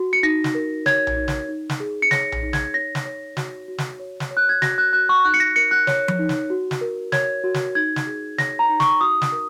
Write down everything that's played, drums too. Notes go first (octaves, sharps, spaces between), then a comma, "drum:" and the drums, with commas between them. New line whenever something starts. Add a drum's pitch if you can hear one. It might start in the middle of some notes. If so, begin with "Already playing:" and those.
Already playing: F#4
C#7
D#4 A#6
drum: snare
A#4
C#5 G#6, drum: snare
drum: tom A#1
D#4
drum: snare
D#4
drum: snare
G#4
C#7
C#5 A#6, drum: snare
drum: tom A#1
D#4
G#6, drum: snare
C#5 A#6
drum: snare
C#5
F#4, drum: snare
F#4
drum: snare
C#5
drum: snare
C#5
F#6
G#6
F#4 A#6, drum: snare
F#6
F#4 F#6
C#6
D#4 F#6
C#7
A#6
A#4 C#7
F#6
C#5, drum: snare
drum: tom F3
D#4
drum: snare
F#4
drum: snare
A#4
C#5 G#6, drum: snare
F#4
drum: snare
D#4 G#6
drum: snare
G#4
C#5 A#6, drum: snare
A#5
D#4
C#6, drum: snare
F#4 D#6
drum: snare
A#4